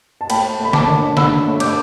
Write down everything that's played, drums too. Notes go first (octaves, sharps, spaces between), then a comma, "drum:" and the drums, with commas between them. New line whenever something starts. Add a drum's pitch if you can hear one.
A5
A3 G5 B5, drum: cymbal
A3
B5
A5 D6, drum: snare
D3
D3 B5 E6, drum: snare
A3
D6 G6, drum: cymbal